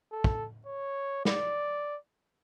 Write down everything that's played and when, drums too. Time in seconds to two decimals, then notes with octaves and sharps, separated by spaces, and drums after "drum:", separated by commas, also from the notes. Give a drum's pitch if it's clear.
0.12 A4
0.24 drum: kick
0.66 C#5
1.25 D5, drum: snare